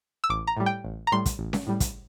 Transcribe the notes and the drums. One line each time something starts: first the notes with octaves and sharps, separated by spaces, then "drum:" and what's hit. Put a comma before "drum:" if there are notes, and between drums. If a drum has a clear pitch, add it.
E6
A1 D6
A#5
A2 G3
G5
A1
A#5
A2 G3 C6
drum: kick, hi-hat
A1
drum: snare C#4
A2 G3
drum: kick, hi-hat